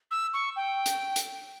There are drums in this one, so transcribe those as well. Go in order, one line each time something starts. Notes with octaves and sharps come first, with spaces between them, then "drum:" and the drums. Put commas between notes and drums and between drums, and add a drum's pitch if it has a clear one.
E6
C#6
G5
drum: hi-hat
drum: hi-hat